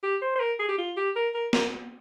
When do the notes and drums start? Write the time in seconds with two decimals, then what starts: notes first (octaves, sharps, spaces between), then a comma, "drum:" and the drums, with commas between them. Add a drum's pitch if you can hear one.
0.03 G4
0.22 C5
0.36 C5
0.40 A#4
0.59 G#4
0.69 G4
0.78 F4
0.97 G4
1.16 A#4
1.35 A#4
1.53 A#4, drum: snare